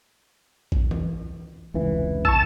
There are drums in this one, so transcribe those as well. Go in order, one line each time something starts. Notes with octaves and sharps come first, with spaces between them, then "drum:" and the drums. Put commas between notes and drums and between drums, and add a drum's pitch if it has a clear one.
drum: kick
drum: tom E3
F1 C#2 E3
A5 C#6 E6, drum: kick